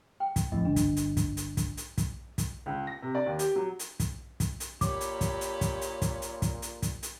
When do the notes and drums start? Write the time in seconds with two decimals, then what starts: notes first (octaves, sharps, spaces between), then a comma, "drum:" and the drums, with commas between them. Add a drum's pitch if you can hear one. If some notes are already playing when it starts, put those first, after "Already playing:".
0.20 G5
0.36 drum: kick, hi-hat
0.52 F2 A2 D#5
0.65 G1 D4
0.76 drum: kick, hi-hat
0.97 drum: hi-hat
1.17 drum: kick, hi-hat
1.37 drum: hi-hat
1.57 drum: kick, hi-hat
1.77 drum: hi-hat
1.98 drum: kick, hi-hat
2.38 drum: kick, hi-hat
2.66 C#2
2.87 A#6
3.02 C3
3.15 D5
3.26 D#2
3.39 G4, drum: hi-hat
3.56 F#3
3.79 drum: hi-hat
4.00 drum: kick, hi-hat
4.40 drum: kick, hi-hat
4.60 drum: hi-hat
4.81 A#2 G4 C#5 B5 D6, drum: kick, hi-hat
5.01 drum: hi-hat
5.21 drum: kick, hi-hat
5.41 drum: hi-hat
5.61 drum: kick, hi-hat
5.81 drum: hi-hat
6.02 drum: kick, hi-hat
6.22 drum: hi-hat
6.42 drum: kick, hi-hat
6.62 drum: hi-hat
6.82 drum: kick, hi-hat
7.03 drum: hi-hat